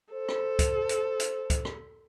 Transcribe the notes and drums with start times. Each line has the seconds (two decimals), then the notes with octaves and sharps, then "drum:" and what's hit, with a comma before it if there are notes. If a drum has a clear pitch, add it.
0.13 A4 C5
0.29 drum: rim click
0.59 drum: kick C#2, hi-hat
0.89 drum: hi-hat
1.20 drum: hi-hat
1.50 drum: kick C#2, hi-hat
1.65 drum: rim click